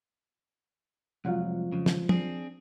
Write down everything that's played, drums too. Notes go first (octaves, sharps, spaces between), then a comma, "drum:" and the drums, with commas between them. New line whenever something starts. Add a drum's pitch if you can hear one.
C2 F2 F3 F#3 G#3 F4 C#5 F#5
F2 C#3
drum: snare
C4 D4 G#4, drum: tom